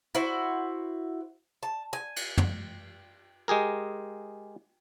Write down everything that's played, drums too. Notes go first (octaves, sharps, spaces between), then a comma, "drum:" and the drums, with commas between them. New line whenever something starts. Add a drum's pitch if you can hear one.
E4 F#4 C5
A5
G#5
drum: cymbal
drum: tom
G#3 G4 G#4 A#4